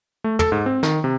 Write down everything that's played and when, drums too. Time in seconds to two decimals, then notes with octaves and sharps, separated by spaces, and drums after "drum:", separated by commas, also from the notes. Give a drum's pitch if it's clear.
0.24 A3
0.39 A4, drum: tom
0.52 G#2
0.66 C4
0.83 D#3, drum: snare
1.04 C3